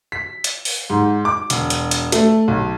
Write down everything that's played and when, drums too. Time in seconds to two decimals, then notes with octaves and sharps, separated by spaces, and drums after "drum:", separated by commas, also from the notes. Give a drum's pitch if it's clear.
0.12 B6
0.44 drum: hi-hat
0.65 drum: open hi-hat
0.90 G#2
1.25 D6
1.50 E1, drum: hi-hat
1.70 drum: hi-hat
1.91 drum: hi-hat
2.12 A3, drum: hi-hat
2.48 B1